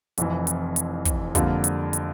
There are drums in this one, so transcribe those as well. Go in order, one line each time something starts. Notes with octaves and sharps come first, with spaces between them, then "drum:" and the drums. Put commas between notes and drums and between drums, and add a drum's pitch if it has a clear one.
F1 F2 E3, drum: hi-hat
drum: hi-hat
drum: hi-hat
drum: kick, hi-hat
F2 D3 G3 A#3 F4, drum: kick, hi-hat
drum: hi-hat
drum: hi-hat